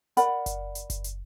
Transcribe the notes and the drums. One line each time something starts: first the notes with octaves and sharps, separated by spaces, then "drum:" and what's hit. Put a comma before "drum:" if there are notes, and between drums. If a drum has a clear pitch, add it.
A#4 D5 F#5 B5, drum: hi-hat
drum: kick F#1, hi-hat
drum: hi-hat
drum: kick F#1, hi-hat
drum: hi-hat